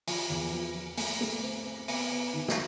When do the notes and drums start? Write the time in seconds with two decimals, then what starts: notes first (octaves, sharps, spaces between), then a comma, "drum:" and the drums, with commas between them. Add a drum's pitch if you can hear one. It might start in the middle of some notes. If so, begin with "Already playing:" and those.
0.07 F3, drum: open hi-hat
0.30 E2
0.52 F3
0.75 F3
0.97 A3, drum: open hi-hat
1.21 A3
1.43 C4
1.66 C4
1.88 B3, drum: open hi-hat
2.11 B3
2.33 D#3
2.48 drum: snare